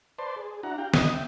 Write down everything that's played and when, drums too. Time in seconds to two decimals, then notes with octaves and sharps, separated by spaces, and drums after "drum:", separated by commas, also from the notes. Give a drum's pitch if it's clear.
0.19 B4 C5 D5 A5 C6
0.36 G#4
0.63 D4 E4 F#4 F#5 A#5
0.78 G4 F5 G5
0.94 D2 D#5 D#6, drum: snare
1.13 E5 G5